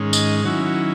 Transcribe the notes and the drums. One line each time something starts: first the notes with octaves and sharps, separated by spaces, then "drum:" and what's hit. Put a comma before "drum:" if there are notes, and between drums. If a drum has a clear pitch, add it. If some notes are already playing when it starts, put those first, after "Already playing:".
Already playing: G#2 D#3 G#3 C#4
D#5, drum: tambourine
D#3 F#3 C#4 E4 F#4
F#4